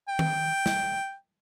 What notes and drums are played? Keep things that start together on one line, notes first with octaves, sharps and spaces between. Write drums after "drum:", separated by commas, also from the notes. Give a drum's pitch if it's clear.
G5
drum: tom D#3
drum: snare